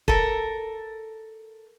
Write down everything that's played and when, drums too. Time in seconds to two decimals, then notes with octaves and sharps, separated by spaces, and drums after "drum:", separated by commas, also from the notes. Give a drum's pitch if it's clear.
0.08 A4 A#4, drum: kick